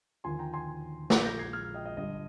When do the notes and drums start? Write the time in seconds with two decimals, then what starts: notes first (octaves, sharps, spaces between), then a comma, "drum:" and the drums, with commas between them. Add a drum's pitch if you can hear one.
0.24 D#2 D3 F3 G#5 C6
0.39 G5 A#5
0.53 G#5 C6
1.10 A#1 A#2 G#3 A#5 D6, drum: snare A#4
1.25 G6 A#6
1.39 G#6 C7
1.53 F6 G#6
1.74 D#5 G5
1.86 D#5
1.97 G1 G2 D3 G3 D#5